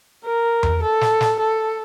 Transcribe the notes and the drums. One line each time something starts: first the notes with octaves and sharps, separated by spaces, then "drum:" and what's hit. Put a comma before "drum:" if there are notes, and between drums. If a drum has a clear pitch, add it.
A#4
drum: tom E2
A4
drum: snare
drum: snare
A4